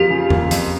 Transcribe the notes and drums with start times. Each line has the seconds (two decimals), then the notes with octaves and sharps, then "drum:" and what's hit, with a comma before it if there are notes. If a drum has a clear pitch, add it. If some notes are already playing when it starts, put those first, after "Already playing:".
Already playing: F2 F3 A#3 G4
0.10 C#3
0.30 A#3, drum: tom E2
0.51 F2, drum: hi-hat